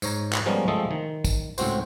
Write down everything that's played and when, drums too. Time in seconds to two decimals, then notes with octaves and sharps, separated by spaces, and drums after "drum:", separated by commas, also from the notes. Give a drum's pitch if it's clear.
0.02 G#2 C#5 A#5, drum: tambourine
0.33 drum: clap
0.46 F3 G3 G#3 B3 C#4 A#4
0.68 F3 G#3 A3 C4 A4 D#5
0.91 D#3
1.24 drum: kick, tambourine
1.58 C#2 A2 C4 F#4 C5, drum: tambourine